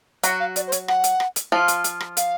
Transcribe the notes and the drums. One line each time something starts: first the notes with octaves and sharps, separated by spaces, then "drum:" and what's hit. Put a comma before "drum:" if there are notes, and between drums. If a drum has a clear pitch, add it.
F#3 F#4, drum: hi-hat
F5
D5, drum: hi-hat
C5
C#5, drum: hi-hat
F#5, drum: rim click
drum: hi-hat
drum: rim click
drum: hi-hat
F3 F4
drum: hi-hat
drum: hi-hat
drum: rim click
F5, drum: hi-hat